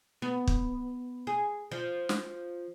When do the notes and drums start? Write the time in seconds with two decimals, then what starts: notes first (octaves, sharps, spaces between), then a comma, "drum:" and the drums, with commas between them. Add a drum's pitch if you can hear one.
0.22 B3
0.47 drum: kick
1.27 G#4
1.72 F3
2.09 drum: snare